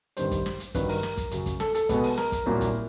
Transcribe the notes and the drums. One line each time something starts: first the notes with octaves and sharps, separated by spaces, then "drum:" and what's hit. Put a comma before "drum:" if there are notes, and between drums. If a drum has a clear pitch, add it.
G2 D#3 G3 C5, drum: hi-hat
drum: kick, hi-hat
drum: snare
drum: hi-hat
G2 D#3 F#3 B4, drum: kick, hi-hat
A#4, drum: open hi-hat
drum: snare
drum: kick, hi-hat
F#2 C#3 F#3, drum: hi-hat
drum: kick, hi-hat
A4, drum: snare
A4, drum: hi-hat
B2 G#3 B3, drum: kick, hi-hat
drum: open hi-hat
A#4, drum: snare
drum: kick, hi-hat
C2 A#2 F#3 A#3
drum: kick, hi-hat